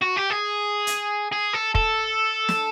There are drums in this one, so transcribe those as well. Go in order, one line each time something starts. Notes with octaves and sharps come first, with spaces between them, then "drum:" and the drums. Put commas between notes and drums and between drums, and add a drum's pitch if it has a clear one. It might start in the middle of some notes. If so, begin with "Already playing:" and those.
F#4
G4
G#4
drum: hi-hat
G#4
A4
A4, drum: kick
drum: snare